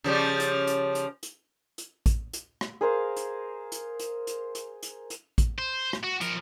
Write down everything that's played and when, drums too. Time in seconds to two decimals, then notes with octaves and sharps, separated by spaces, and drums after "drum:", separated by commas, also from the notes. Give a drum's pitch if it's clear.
0.04 C#3 F3 G3
0.40 drum: hi-hat
0.67 drum: hi-hat
0.95 drum: hi-hat
1.23 drum: hi-hat
1.78 drum: hi-hat
2.06 drum: kick A1, hi-hat
2.33 drum: hi-hat
2.61 drum: rim click
2.81 G#4 A#4 C5 F5
3.16 drum: hi-hat
3.72 drum: hi-hat
4.00 drum: hi-hat
4.27 drum: hi-hat
4.55 drum: hi-hat
4.83 drum: hi-hat
5.10 drum: hi-hat
5.38 drum: kick A1, hi-hat
5.59 C5
5.93 drum: rim click
6.03 F#4
6.21 F3 A#4, drum: hi-hat